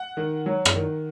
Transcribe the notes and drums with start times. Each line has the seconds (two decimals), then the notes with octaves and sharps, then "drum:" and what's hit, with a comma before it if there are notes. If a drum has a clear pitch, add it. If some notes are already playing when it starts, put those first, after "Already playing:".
Already playing: F#5
0.17 D#3
0.46 F#3
0.65 drum: rim click
0.75 D#3